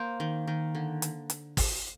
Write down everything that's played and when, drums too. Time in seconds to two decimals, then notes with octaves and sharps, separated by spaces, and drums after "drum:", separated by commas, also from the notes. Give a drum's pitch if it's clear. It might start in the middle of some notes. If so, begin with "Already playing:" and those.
Already playing: A#3 C5
0.20 D#3
0.47 D#3
0.75 D3
1.02 drum: hi-hat
1.30 drum: hi-hat
1.57 drum: kick, open hi-hat